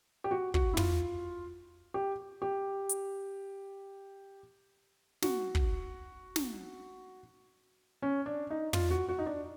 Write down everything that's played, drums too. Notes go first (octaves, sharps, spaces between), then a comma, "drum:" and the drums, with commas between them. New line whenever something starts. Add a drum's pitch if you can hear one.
G4
F#4
F#4, drum: kick
E4
F4, drum: tom
G4
G4
drum: hi-hat
F#4, drum: snare
drum: kick
drum: snare
C#4
D4
D#4
F4, drum: tom
F#4
F#4
D#4
D4